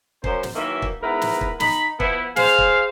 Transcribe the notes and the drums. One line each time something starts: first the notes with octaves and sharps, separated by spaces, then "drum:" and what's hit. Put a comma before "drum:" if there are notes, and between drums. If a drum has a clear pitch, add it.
F#2 C5, drum: kick
drum: snare
D#3 E3 F#3 A#3 E5
drum: kick
G#2 B3 E4 A#4 B4 A#5
drum: snare
drum: kick
D#4 B5, drum: snare
F3 B3 E4, drum: kick
G#4 C5 F5, drum: snare
drum: kick